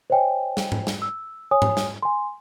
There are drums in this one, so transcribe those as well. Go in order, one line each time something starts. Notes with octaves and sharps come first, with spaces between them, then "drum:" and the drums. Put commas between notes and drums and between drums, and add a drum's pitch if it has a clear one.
C5 C#5 D#5 G5 G#5
drum: snare
drum: tom G#2
drum: snare
E6
C#5 G#5 D#6
drum: tom G#2
drum: snare
G#5 C6